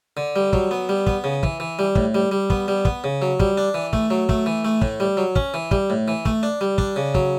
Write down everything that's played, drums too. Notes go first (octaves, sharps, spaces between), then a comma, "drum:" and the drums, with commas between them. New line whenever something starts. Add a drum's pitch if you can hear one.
D3
G3
F#3, drum: kick
B3
G3
B3, drum: kick
C#3
E3, drum: kick
E3
G3
A2, drum: kick
G3
G3
B3, drum: kick
G3
B3, drum: kick
C#3
F#3
G3, drum: kick
D4
E3
A3, drum: kick
F#3
A3, drum: kick
E3
A3
A2, drum: kick
G3
F#3
C#4, drum: kick
E3
G3, drum: kick
A2
E3
A3, drum: kick
D4
G3
D4, drum: kick
C#3
F#3, drum: kick